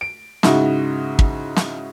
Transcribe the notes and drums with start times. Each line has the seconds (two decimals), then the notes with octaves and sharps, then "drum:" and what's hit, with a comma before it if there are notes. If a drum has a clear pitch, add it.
0.01 D7
0.43 G#2 C#3 D#4 E4 F#4, drum: snare
1.19 drum: kick
1.56 drum: snare